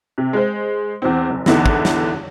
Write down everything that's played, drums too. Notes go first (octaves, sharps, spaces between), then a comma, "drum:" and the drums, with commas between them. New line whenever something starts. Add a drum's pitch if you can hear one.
C3
G#3 C5
E2 C4
F#1
E2 D3 B3 D#4 E4, drum: snare
drum: kick
drum: snare